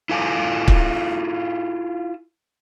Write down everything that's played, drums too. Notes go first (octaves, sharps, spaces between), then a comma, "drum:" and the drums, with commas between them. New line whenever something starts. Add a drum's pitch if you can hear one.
E4 F4 A4 F5 G#5
drum: kick